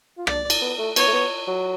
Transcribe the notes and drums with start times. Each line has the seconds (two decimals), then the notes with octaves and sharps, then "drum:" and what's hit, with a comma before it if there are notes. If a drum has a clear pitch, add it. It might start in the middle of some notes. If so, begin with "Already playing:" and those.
0.18 F4
0.27 D4 D5, drum: rim click
0.50 drum: cymbal
0.61 B3
0.78 A3
0.96 B3 C#5, drum: cymbal
1.08 A3
1.13 B3
1.48 F#3